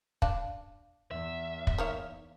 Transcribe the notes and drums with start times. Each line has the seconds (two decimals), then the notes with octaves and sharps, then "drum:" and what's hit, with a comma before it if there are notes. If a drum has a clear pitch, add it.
0.22 D4 F5, drum: kick
1.11 E2 E5
1.67 drum: kick
1.78 D#3 A#3 C#5